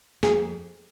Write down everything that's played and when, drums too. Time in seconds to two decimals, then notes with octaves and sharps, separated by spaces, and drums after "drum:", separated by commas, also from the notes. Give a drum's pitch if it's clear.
0.23 F2 G#4, drum: snare